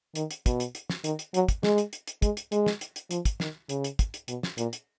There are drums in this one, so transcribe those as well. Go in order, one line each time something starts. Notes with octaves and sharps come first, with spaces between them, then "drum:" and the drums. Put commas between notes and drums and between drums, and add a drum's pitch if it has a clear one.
D#3, drum: hi-hat
drum: hi-hat
B2, drum: kick, hi-hat
drum: hi-hat
drum: hi-hat
drum: snare
D#3, drum: hi-hat
drum: hi-hat
F#3, drum: hi-hat
drum: kick, hi-hat
G#3, drum: snare
drum: hi-hat
drum: hi-hat
drum: hi-hat
G#3, drum: kick, hi-hat
drum: hi-hat
G#3, drum: hi-hat
drum: snare
drum: hi-hat
drum: hi-hat
F3, drum: hi-hat
drum: kick, hi-hat
D#3, drum: snare
C#3, drum: hi-hat
drum: hi-hat
drum: kick, hi-hat
drum: hi-hat
B2, drum: hi-hat
drum: snare
A#2, drum: hi-hat
drum: hi-hat